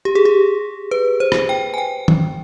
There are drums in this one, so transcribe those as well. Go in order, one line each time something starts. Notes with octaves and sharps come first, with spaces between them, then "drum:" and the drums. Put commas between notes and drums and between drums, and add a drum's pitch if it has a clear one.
G4
G#4
G4
B4
C5
drum: rim click
G5
G#5
G5
drum: tom